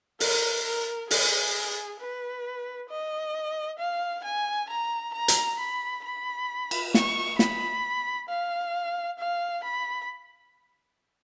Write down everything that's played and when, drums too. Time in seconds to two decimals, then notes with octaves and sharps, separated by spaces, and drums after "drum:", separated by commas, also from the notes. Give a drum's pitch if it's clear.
0.20 A#4, drum: open hi-hat
0.65 A#4
1.11 G#4, drum: open hi-hat
2.00 B4
2.90 D#5
3.79 F5
4.24 G#5
4.70 A#5
5.14 A#5
5.28 drum: hi-hat
5.60 B5
6.05 B5
6.71 drum: cymbal
6.94 C#6, drum: snare
7.39 B5, drum: snare
8.29 F5
9.19 F5
9.64 B5